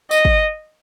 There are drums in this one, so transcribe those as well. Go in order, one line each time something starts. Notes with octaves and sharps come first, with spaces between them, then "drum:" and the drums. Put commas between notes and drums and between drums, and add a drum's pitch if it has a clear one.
D#5, drum: tambourine
drum: kick